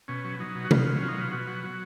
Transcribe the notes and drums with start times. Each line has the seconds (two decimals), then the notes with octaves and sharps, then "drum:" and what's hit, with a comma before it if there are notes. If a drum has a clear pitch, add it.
0.08 B2 C#4
0.24 F#3
0.39 F#3 D#4
0.55 B2
0.65 F#4
0.71 B2 F4, drum: tom C3
0.86 F#3
0.97 C#4
1.02 F#3
1.08 D#4
1.17 B2 F4
1.32 B2 F#4
1.47 F#3
1.64 F#3